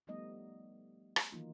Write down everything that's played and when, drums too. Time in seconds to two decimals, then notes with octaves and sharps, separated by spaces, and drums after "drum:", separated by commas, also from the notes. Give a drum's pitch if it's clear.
0.07 F3 G3 A3 B3 D#4 D#5
1.16 drum: rim click
1.32 D#3 E3 F#3 A#3 D#4 F4